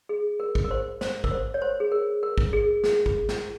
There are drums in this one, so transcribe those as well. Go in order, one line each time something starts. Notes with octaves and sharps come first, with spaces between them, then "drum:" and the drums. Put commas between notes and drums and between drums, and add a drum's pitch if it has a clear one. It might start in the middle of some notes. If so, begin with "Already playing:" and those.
G#4
A#4
drum: kick
A#4
C5
C5, drum: snare
A#4, drum: kick
C5
C#5
C5
G#4
A#4
A#4
drum: kick
G#4
G#4, drum: snare
drum: kick
drum: snare